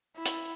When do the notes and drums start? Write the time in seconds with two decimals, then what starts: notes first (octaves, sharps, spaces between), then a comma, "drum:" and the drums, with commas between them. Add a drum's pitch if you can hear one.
0.16 E4
0.26 drum: hi-hat